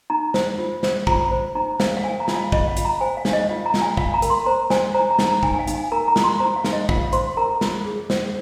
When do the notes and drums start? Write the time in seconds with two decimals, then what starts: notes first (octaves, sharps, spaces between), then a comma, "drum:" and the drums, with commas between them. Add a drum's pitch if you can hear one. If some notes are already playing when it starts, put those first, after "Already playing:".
0.10 D#4 A#5
0.34 C5, drum: snare
0.58 F4
0.83 C5, drum: snare
1.07 F4 A#5, drum: kick
1.31 C5
1.55 D#4 A#5
1.80 C5 F5, drum: snare
1.97 F5
2.04 C5 G#5
2.20 A#5
2.28 F4, drum: snare
2.36 F5
2.52 F4 D#5, drum: kick
2.68 F5
2.77 F4, drum: hi-hat
2.85 A#5
3.01 C5 G#5
3.17 F5
3.25 D#4, drum: snare
3.33 D#5
3.49 F4 F5
3.66 A#5
3.74 F4, drum: snare
3.82 G#5
3.97 F4 F5, drum: kick
4.14 A#5
4.22 A#4, drum: hi-hat
4.30 C6
4.46 C5 A#5
4.70 C5 G#5, drum: snare
4.94 C5 A#5
5.11 A#5
5.19 D#4, drum: snare
5.28 A#5
5.43 D#4 G#5, drum: kick
5.55 G#5
5.59 F5
5.67 D#4, drum: hi-hat
5.75 G#5
5.92 A#4 A#5
6.08 A#5
6.16 F4, drum: snare
6.24 C6
6.40 C5 A#5
6.56 F5
6.64 D#4, drum: snare
6.73 D#5
6.89 F4 F5, drum: kick
7.13 C5 C6, drum: hi-hat
7.37 A#4 A#5
7.61 F4, drum: snare
7.86 G#4
8.10 C5, drum: snare